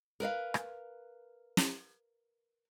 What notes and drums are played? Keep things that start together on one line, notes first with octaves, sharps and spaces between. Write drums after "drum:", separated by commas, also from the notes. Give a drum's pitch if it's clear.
A#4 B4 D#5 F5
drum: rim click
drum: snare